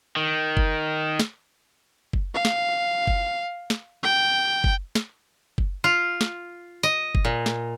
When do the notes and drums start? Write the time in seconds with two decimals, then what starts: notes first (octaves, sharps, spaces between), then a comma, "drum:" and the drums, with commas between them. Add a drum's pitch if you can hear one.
0.16 D#3
0.57 drum: kick F#1
1.19 drum: snare
2.13 drum: kick F#1
2.34 F5
2.45 drum: snare
3.07 drum: kick F#1
3.70 drum: snare
4.03 G5
4.64 drum: kick F#1
4.95 drum: snare
5.58 drum: kick F#1
5.84 F4
6.21 drum: snare
6.83 D#5
7.15 drum: kick F#1
7.25 A#2
7.46 drum: snare